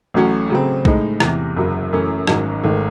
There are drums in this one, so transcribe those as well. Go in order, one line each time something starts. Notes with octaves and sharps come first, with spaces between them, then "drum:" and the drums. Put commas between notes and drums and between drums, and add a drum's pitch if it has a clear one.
A1 A2 F#3 C#4 F#4
C#3 F#3 A3 C4
A2 G#3 D#4, drum: kick
E2 C3 E3, drum: rim click
F#1 F#2 C#3 F#3
F#2 E3 A3 C#4
G#1 G#2 F#3 C#4 F#4, drum: rim click
G#1 G#2 D#3 A3